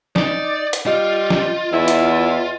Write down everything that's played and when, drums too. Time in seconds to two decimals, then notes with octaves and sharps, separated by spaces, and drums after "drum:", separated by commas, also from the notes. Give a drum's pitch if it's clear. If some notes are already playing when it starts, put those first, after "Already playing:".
0.16 D#4 D5, drum: snare
0.73 drum: hi-hat
0.87 G3 F4 D#5
1.30 drum: snare
1.73 E2 E4
1.88 drum: hi-hat